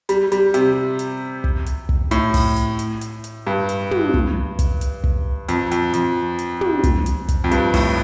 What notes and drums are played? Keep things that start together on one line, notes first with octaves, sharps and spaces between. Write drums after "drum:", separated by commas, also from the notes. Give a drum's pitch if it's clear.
G3, drum: hi-hat
G3, drum: hi-hat
C3, drum: hi-hat
drum: hi-hat
drum: kick
drum: hi-hat
drum: kick
A2, drum: hi-hat
drum: kick, open hi-hat
drum: hi-hat
drum: hi-hat
drum: hi-hat
drum: hi-hat
G2
drum: hi-hat
drum: tom
drum: kick
drum: kick, hi-hat
drum: hi-hat
drum: kick
F2, drum: hi-hat
F2, drum: hi-hat
F2, drum: hi-hat
drum: hi-hat
drum: tom
drum: kick, hi-hat
drum: hi-hat
drum: kick, hi-hat
F2
G2, drum: hi-hat
A2, drum: kick, open hi-hat